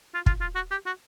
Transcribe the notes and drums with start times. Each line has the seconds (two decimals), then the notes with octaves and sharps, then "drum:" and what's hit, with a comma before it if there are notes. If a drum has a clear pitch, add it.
0.14 F4
0.26 F4, drum: kick
0.41 F4
0.55 F#4
0.71 G4
0.86 F#4